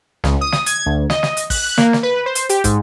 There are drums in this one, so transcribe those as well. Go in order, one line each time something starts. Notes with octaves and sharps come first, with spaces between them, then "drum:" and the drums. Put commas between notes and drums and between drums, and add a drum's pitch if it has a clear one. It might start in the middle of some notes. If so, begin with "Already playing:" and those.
C#2, drum: snare
D#6
drum: snare
G#6, drum: hi-hat
D2
D#5, drum: snare
drum: snare
drum: hi-hat
F#6, drum: kick, open hi-hat
A#3, drum: snare
drum: snare
B4
C5
drum: hi-hat
G4, drum: hi-hat
G#2, drum: kick, hi-hat